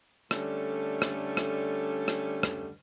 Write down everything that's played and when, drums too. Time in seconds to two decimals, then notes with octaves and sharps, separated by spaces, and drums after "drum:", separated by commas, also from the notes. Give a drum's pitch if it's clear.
0.31 D3 G3 A3 C#4, drum: rim click
1.02 drum: rim click
1.37 drum: rim click
2.08 drum: rim click
2.43 drum: rim click